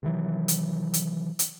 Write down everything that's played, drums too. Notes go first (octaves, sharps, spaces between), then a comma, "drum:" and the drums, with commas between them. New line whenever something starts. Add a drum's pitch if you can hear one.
C3 D#3 E3 F#3
drum: hi-hat
drum: hi-hat
drum: hi-hat